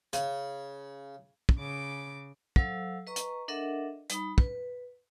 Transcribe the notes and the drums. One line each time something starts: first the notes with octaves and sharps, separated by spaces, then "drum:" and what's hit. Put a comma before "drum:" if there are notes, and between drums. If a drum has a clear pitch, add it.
C#3, drum: hi-hat
drum: kick
C#3 D6
F#3 A4 C5 F5 E6, drum: kick
B4 D#5 A#5 C#6
drum: hi-hat
D4 A4 A#4 D#5 E5 F#5
G3 D#4 B5, drum: hi-hat
B4, drum: kick